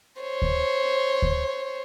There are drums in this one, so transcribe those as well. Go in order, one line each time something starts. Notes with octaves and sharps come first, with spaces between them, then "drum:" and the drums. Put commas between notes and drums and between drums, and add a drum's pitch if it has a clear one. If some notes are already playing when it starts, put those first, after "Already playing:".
C5 C#5
drum: kick D2
drum: kick D2